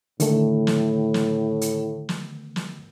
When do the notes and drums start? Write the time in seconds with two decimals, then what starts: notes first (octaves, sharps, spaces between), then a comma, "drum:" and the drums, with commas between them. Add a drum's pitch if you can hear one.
0.20 A2 D3 D#3 A3, drum: hi-hat
0.67 drum: snare
1.14 drum: snare
1.61 drum: hi-hat
2.09 drum: snare
2.56 drum: snare